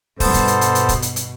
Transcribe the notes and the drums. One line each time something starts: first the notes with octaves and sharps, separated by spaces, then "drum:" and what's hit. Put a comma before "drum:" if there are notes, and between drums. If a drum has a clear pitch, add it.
G2 B2 B3 A4 C5, drum: kick, open hi-hat
drum: kick, hi-hat
drum: hi-hat
drum: hi-hat
drum: hi-hat
drum: kick, hi-hat
drum: hi-hat
drum: hi-hat